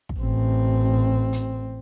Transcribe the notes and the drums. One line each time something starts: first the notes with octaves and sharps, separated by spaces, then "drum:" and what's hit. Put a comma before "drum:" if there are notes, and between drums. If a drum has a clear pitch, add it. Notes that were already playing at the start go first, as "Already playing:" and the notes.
drum: kick
A1 C4
drum: hi-hat